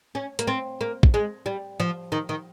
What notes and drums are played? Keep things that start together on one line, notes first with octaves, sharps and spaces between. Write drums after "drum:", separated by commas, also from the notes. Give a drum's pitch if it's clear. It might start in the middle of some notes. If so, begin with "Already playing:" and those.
C#4
A#3, drum: hi-hat
C4
A#3
drum: kick
G#3
G3
F3
D#3
D#3